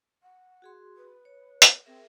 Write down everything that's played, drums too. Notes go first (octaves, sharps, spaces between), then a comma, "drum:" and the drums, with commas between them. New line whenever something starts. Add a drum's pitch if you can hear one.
F#5
F#4 G#4 C6
B4
C#5
drum: hi-hat
C4 G#4 A#4 E5